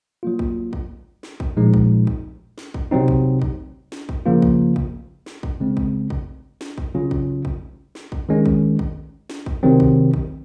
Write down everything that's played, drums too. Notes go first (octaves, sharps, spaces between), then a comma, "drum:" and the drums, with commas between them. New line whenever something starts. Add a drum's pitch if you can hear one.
F#3 A#3 F4
drum: kick
drum: kick
drum: snare
drum: kick
A#2 F3 G#3 D#4
drum: kick
drum: kick
drum: snare
drum: kick
C3 F#3 C4 D#4
drum: kick
drum: kick
drum: snare
drum: kick
C#3 F3 A#3 F4
drum: kick
drum: kick
drum: snare
drum: kick
C#3 G#3 C4
drum: kick
drum: kick
drum: snare
drum: kick
C#3 F#3 C#4 F4
drum: kick
drum: kick
drum: snare
drum: kick
D#3 G#3 C#4
drum: kick
drum: kick
drum: snare
drum: kick
C3 D#3 F#3 C4
drum: kick
drum: kick